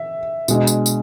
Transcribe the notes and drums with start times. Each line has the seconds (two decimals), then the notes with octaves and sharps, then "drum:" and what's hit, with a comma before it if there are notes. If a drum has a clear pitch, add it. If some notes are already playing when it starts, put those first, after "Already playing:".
Already playing: E5
0.48 B2 G#3 D4, drum: tambourine
0.67 drum: tambourine
0.86 drum: tambourine